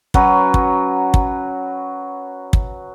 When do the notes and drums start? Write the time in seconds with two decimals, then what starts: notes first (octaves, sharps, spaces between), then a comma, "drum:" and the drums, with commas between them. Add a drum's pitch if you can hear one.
0.14 F#3 C#4 F#4 B4, drum: kick
0.54 drum: kick
1.14 drum: kick
2.53 drum: kick